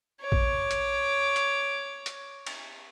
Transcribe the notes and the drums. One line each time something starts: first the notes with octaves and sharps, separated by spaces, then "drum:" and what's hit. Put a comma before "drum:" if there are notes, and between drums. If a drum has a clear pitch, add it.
C#5 D6
drum: kick A#1
drum: hi-hat
drum: hi-hat
drum: hi-hat
drum: cymbal